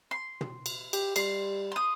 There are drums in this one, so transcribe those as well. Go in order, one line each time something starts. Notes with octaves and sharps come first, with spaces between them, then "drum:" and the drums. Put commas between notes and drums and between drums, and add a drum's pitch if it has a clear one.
C6
drum: tom
drum: cymbal
G4, drum: cymbal
G3 C6, drum: cymbal
C6 D#6